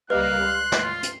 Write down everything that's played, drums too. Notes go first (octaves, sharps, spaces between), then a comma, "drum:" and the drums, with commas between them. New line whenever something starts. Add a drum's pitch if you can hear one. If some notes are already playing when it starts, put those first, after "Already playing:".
C#2 G3 A#3 B4 D#5 F5 D6 F#6
C6
drum: snare
F4
drum: hi-hat